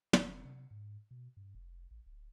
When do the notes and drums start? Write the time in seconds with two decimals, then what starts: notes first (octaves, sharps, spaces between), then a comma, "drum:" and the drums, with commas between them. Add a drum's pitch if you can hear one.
0.13 F1, drum: tom
0.45 C3
0.71 G#2
1.11 B2
1.37 G2
1.55 F1
1.91 A1
2.06 D1